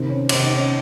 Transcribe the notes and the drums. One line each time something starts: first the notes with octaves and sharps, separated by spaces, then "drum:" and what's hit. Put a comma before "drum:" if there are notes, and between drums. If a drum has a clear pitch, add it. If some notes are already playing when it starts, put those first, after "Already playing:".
Already playing: C3 D#3 C4
C#4
C3 D#3, drum: cymbal
D#4
C#4